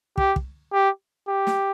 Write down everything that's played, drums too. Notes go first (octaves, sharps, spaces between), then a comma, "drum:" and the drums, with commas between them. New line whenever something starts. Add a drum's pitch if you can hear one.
G4, drum: kick
drum: kick
G4
G4
drum: snare